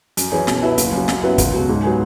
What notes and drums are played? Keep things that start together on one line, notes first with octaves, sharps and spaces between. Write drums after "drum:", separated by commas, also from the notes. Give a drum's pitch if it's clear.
F#2, drum: hi-hat
E3 C#4 G#4
B2, drum: snare
F#3 E4 B4 E5
F#1, drum: hi-hat
F#2 F#3
F#2, drum: snare
F#3 B3 E4 B4
C#2, drum: kick, hi-hat
B2 F#3
G#2
F#3 B3 G#4